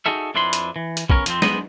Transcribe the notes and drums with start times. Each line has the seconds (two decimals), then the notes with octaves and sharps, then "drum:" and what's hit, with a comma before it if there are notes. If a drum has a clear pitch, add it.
0.06 D#4 F#4 G#4 A4 E5
0.35 F2 D4 E4 B4 B5 C6
0.53 drum: hi-hat
0.76 E3
0.97 drum: hi-hat
1.10 B3 C#4 A#4 C#5, drum: kick B1
1.26 F2 F3 C4, drum: hi-hat
1.42 G#3 B3 C5 D#5, drum: snare